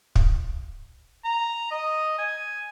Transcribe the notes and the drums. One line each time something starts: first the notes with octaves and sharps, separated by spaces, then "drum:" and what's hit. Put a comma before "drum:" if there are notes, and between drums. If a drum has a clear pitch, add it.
drum: kick
A#5
D#5
G#5